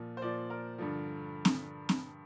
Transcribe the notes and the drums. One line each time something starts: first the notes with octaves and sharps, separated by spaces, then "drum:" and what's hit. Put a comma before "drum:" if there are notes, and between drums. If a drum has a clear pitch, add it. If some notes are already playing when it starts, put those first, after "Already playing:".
Already playing: A#2 F3
C5
A#2 F3 D5
A#4
G2 D3 F3
drum: snare C4
drum: snare C4